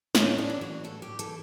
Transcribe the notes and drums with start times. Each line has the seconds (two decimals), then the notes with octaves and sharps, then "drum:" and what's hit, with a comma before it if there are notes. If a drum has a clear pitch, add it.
0.15 A2 C#4, drum: snare
0.38 D4
0.50 E3
0.61 F#4
0.84 A2 A4
1.02 G4
1.19 E3 A4, drum: hi-hat